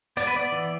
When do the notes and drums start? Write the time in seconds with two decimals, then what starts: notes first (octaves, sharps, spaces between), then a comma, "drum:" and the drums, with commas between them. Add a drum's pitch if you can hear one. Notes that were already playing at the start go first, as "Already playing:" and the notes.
0.17 B3 D5, drum: hi-hat
0.27 B4
0.35 B3 D5
0.52 E3